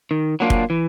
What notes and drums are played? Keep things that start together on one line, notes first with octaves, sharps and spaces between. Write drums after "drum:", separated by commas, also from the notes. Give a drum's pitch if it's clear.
D#3
F#3 A#3 D4 F4
drum: kick
E3